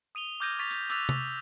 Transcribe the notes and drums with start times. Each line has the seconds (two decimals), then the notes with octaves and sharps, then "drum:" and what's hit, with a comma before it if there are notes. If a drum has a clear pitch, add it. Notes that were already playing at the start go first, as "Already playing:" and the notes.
0.15 D#6 D#7 F7 G7
0.40 D6 F6 G6 G#6 A#6 D#7
0.59 C#6 A6 B6 D#7 F7
0.71 drum: hi-hat
0.90 D6 E6 F#6 A6 B6 F7, drum: hi-hat
1.09 drum: tom C3